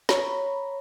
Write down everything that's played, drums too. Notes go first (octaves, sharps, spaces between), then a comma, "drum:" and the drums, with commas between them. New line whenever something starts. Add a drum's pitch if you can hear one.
C#5 A#5 B5, drum: snare